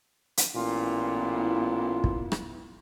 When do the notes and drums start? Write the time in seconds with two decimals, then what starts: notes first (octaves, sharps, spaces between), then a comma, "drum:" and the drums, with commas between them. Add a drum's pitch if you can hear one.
0.37 drum: hi-hat
0.56 A1 A#2 B3 E4 F4
2.04 drum: kick
2.32 drum: rim click